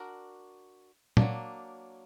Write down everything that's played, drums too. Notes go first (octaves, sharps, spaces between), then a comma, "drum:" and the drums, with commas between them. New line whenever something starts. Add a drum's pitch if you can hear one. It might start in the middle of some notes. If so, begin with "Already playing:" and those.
Already playing: D4 F#4 A#4
F#3 A#3 D4, drum: tom